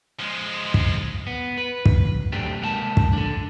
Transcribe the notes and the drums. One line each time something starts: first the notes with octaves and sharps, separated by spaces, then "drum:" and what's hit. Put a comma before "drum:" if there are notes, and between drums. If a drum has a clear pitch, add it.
F3 G#3
drum: kick
B3
B4
drum: kick
B2 F#3 A3 C4 D4 G4
C2 G#3 A#3 F5 A5
drum: kick
D4 A4